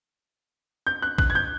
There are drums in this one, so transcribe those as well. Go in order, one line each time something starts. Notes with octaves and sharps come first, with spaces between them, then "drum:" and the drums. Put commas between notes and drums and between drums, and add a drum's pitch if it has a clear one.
G6
F#6
F#6, drum: kick A1
G#6
G6